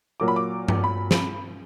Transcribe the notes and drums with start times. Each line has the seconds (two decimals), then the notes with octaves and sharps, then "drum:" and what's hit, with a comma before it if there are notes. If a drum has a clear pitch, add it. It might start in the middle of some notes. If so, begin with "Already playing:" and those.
0.20 A#2 F#3 A#3 D6
0.28 B5
0.36 D6
0.68 drum: tom G2
0.84 B5
1.11 drum: snare